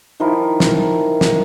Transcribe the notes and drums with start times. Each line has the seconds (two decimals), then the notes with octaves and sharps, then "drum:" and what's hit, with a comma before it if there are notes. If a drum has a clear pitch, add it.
0.20 D#3 F3 E4 A#4
0.60 drum: snare
1.21 drum: snare